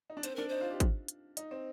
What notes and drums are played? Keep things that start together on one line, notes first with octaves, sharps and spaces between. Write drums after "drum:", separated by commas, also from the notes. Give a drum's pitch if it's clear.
D#4
D4
C4 C5, drum: hi-hat
D4 A#4
D#4 C5
F4
G4
drum: kick, hi-hat
drum: hi-hat
D#4, drum: hi-hat
C4